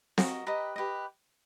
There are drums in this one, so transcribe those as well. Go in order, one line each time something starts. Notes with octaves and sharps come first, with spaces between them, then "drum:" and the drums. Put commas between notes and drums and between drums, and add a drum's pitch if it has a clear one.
F#4 A#4 D#5, drum: snare C4
G4 B4 D#5 A#5
G4 B4 D#5